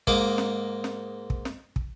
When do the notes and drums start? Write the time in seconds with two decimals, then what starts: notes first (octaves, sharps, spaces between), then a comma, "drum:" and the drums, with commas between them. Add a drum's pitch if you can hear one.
0.07 G#2 A#3 D#5 D6, drum: kick
0.38 drum: snare
0.84 drum: snare
1.30 drum: kick
1.45 drum: snare
1.76 drum: kick